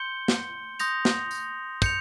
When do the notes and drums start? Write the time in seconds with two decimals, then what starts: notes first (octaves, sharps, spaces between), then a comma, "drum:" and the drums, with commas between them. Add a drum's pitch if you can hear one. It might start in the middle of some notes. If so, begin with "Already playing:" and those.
Already playing: C6 G6 C#7 G7
0.28 drum: snare
0.79 C6 D#6 G6 A#6 F7, drum: tambourine
1.05 drum: snare
1.31 drum: tambourine
1.82 G6 C#7 F7, drum: kick, tambourine